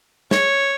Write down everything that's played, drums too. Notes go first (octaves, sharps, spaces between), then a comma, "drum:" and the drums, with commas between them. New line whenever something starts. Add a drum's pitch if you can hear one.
C#5, drum: snare